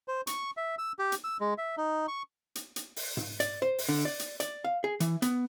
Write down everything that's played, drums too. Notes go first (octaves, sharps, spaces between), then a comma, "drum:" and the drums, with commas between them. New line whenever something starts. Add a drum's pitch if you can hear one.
C5
C#6, drum: hi-hat
E5
E6
G4
drum: hi-hat
E6
G#3
E5
D#4
C#6
drum: hi-hat
drum: hi-hat
drum: open hi-hat
drum: tom G#2
D5, drum: hi-hat
C5
drum: open hi-hat
D3
D5
drum: hi-hat
D5, drum: hi-hat
F5
G#4
E3, drum: hi-hat
B3, drum: hi-hat